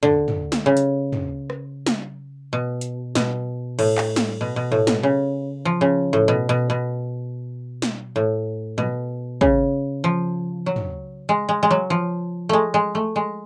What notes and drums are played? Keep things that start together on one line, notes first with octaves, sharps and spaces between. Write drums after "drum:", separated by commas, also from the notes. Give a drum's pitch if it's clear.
D3, drum: tom
drum: tom
drum: snare
C#3
drum: hi-hat
drum: tom
drum: rim click
drum: snare
B2
drum: hi-hat
B2, drum: snare
A2, drum: cymbal
drum: clap
drum: snare
B2
B2
A2
B2, drum: snare
C#3
F3
C#3
A2
B2
B2
B2
drum: snare
A2
B2, drum: tom
C#3, drum: kick
F3
F#3
drum: tom
G#3
G#3
G#3
F#3
F3
G#3 A3
G#3
A3
G#3